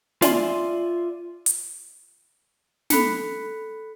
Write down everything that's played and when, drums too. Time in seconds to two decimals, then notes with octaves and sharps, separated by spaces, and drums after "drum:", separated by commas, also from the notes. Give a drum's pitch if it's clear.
0.22 F4 D5 E5 G#5 A5 C6, drum: snare
1.46 drum: hi-hat
2.90 A4 B5 F#6 B6 C#7, drum: snare